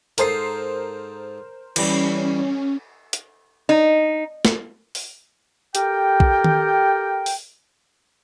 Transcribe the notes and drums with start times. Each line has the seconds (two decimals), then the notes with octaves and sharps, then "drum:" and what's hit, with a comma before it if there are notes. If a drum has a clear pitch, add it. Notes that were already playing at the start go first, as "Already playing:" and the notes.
0.18 G#2 A4 A#4 C5 D#6 C7, drum: hi-hat
1.76 E3 G3 C#4, drum: cymbal
3.13 drum: hi-hat
3.69 D#4
4.45 drum: snare
4.95 drum: open hi-hat
5.75 G4 A4 A#4 G5, drum: hi-hat
6.20 drum: kick A#1
6.44 drum: tom D#3
7.26 drum: open hi-hat